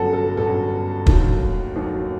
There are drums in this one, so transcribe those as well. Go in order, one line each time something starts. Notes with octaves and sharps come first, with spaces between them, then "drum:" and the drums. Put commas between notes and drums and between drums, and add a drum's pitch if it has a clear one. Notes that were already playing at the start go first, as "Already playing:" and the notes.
Already playing: G1 F#2 F#3 F#4 A4
A4
G1 F#2 F#3 A4
D#2 D#3 F#3, drum: kick
D#2 D#3 F#3